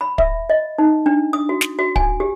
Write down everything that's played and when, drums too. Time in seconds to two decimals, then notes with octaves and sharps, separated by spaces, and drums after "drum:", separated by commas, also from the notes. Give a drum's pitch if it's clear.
0.01 B5
0.18 E5, drum: kick
0.50 D#5
0.78 D#4
1.06 D4
1.33 D#6
1.49 F#4
1.61 drum: snare
1.79 F#4
1.96 G#5, drum: kick
2.20 G4